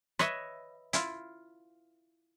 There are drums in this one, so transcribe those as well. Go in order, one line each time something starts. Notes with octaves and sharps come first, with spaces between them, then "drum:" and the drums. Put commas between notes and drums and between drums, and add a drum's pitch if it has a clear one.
B4 C#5 D#5 E5, drum: rim click
E4 F4, drum: hi-hat